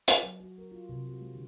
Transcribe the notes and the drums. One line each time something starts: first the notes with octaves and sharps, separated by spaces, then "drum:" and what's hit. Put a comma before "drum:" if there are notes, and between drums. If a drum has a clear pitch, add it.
drum: hi-hat
F#3
F#4
A#4
F4
C3
F#4
G#3
D3